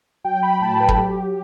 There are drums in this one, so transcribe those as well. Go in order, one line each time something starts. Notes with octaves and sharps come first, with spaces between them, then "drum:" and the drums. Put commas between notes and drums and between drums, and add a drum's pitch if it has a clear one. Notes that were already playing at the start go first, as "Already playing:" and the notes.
F#3 G5
F#3 B5
A2 A5
G5
F#3 B4
A4, drum: kick
F#3 G4
F#3